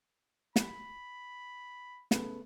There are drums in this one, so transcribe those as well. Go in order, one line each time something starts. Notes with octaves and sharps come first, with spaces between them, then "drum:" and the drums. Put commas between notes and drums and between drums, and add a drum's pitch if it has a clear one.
B5, drum: snare
C#3 A3 B3, drum: snare